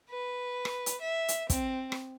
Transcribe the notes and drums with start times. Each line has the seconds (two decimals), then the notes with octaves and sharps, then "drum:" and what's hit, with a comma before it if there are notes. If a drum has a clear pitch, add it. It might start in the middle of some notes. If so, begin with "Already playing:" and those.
0.10 B4
0.65 drum: rim click
0.86 drum: hi-hat
1.01 E5
1.28 drum: hi-hat
1.50 C4, drum: kick, hi-hat
1.92 drum: rim click